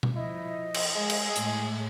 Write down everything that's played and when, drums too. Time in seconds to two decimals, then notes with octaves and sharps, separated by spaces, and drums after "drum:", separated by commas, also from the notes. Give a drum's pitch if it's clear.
0.03 drum: tom B2
0.16 F3 E4 D#5
0.74 drum: cymbal
0.95 G#3 G#4
1.10 drum: cymbal
1.36 A2 G#3, drum: hi-hat